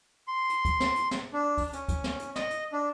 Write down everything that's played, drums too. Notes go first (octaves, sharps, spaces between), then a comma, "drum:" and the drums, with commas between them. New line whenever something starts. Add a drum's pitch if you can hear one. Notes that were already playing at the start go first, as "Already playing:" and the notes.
C6
drum: hi-hat
drum: kick, hi-hat
drum: snare
drum: hi-hat
drum: snare
D4
drum: kick, open hi-hat
C#4, drum: hi-hat
drum: kick, hi-hat
drum: snare
drum: hi-hat
D#5, drum: snare
drum: hi-hat
D4